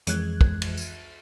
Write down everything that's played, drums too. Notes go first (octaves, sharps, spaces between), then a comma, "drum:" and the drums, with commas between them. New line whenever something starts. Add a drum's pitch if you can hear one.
F2 E3 G#3 F#6 G#6, drum: hi-hat
drum: kick
drum: cymbal
drum: tambourine